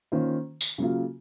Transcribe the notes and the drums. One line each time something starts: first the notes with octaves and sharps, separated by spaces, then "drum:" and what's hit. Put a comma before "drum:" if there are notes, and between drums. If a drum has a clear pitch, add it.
D#3 A#3 C#4 F4 C5
drum: tambourine
C#3 F#3 A#3 F4